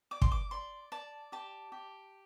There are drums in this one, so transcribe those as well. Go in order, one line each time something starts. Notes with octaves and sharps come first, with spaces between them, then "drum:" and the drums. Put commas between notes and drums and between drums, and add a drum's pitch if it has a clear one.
D5 D6
C6, drum: kick
D6
D5 C6
D5 A5
G4 A5
G4